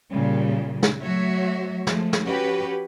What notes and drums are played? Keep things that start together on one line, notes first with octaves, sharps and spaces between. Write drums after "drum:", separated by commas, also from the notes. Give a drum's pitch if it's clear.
A#2 C#3 G3
drum: snare
F#3 A3 F#4 C#5 E5
F3 G#3 A3, drum: snare
drum: snare
C#4 F#4 G4 B4